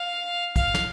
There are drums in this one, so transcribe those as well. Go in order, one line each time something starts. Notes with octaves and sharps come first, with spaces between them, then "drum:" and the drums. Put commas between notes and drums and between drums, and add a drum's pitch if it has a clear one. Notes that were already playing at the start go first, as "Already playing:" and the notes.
Already playing: F5
F5, drum: kick, hi-hat
drum: snare